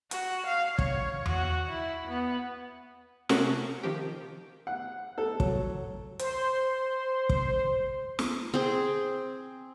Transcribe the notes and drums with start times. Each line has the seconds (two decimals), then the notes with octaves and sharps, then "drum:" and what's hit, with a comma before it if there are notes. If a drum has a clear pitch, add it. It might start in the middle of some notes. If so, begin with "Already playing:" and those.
0.11 F#4, drum: hi-hat
0.47 F5
0.79 C#5, drum: kick
1.26 F#4, drum: tom E2
1.69 E4
2.08 B3
3.29 C3 A3 C4 C#4 F#4 A#4, drum: snare
3.83 D#3 F3 G4
4.67 F#5
5.18 A4
5.40 F#3, drum: kick
6.19 C5 C6, drum: hi-hat
7.29 drum: kick
8.19 drum: snare
8.54 C4 G#4